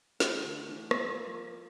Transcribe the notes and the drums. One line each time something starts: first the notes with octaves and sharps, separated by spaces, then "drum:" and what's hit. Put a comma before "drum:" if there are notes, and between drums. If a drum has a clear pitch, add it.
E3 A3, drum: snare
D3
E3
F3 A#3, drum: rim click
F3